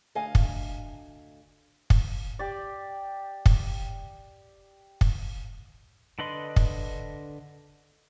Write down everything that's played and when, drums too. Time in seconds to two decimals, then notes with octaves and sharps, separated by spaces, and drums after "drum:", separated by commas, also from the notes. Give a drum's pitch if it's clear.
0.15 D2 D#5 F5 G#5
0.35 drum: kick
1.90 drum: kick
2.39 G4 D5
3.46 drum: kick
5.01 drum: kick
6.19 D3 D4 B4 D#5 C6
6.56 drum: kick